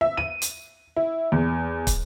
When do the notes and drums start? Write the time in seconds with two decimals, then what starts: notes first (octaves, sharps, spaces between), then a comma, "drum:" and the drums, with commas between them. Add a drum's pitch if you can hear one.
0.01 E5
0.17 D#7
0.42 drum: hi-hat
0.96 E4
1.32 E2
1.87 drum: kick, hi-hat